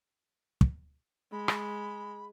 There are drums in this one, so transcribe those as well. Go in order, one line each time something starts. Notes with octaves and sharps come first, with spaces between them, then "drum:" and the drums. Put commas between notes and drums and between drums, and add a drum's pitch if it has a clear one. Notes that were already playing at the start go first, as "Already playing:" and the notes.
drum: kick
G#3 B5
drum: rim click